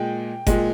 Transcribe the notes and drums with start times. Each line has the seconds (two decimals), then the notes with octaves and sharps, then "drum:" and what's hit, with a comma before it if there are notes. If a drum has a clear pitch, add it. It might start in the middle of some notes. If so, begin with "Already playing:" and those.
Already playing: A#2 G#3 G5
0.47 A#2 G#3, drum: kick G1, hi-hat